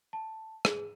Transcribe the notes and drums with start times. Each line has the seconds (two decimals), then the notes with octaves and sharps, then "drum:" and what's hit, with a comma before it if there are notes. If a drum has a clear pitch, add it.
0.13 A5
0.65 G#4, drum: rim click